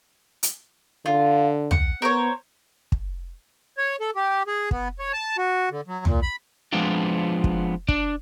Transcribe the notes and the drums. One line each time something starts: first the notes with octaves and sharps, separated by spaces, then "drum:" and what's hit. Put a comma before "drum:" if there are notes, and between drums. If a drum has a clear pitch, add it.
drum: hi-hat
D3 F4
F#5, drum: tom
B3 A#4 C5 C#5
drum: kick
C#5
A4
G4
G#4
B3, drum: kick
C#5
A5
F#4
D3
F#3
A#2, drum: tom
B5
F3 G#3 B3 C4 D4 F4
drum: kick
D4, drum: kick